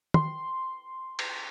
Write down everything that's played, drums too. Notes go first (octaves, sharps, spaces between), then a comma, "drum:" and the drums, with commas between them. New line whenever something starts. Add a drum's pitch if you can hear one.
C6, drum: tom
drum: cymbal